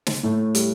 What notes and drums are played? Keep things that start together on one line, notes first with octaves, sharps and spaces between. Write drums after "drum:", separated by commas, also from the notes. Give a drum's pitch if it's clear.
drum: snare
A2 A3
G3, drum: hi-hat